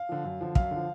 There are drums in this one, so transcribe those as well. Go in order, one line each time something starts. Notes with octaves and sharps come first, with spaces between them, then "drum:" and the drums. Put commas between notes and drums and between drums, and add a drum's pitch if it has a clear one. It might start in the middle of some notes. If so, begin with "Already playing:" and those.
Already playing: F5
D3 F3
F#2
D3 F3
F#2 F5, drum: kick
D3
F3